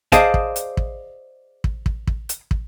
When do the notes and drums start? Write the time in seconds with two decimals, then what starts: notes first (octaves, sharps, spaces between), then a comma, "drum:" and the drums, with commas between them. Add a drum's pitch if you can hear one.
0.12 G#4 C5 D5 D#5 F5 A5, drum: kick, hi-hat
0.34 drum: kick
0.56 drum: hi-hat
0.77 drum: kick
1.64 drum: kick
1.86 drum: kick
2.07 drum: kick
2.29 drum: hi-hat
2.51 drum: kick